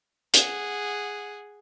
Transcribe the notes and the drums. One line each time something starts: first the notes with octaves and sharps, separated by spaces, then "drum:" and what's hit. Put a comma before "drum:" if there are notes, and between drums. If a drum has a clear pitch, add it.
G#4 F#5, drum: hi-hat